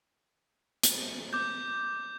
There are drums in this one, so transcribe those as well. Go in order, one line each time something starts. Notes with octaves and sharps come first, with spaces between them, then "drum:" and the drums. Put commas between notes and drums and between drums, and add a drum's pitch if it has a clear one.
drum: hi-hat
D6 G6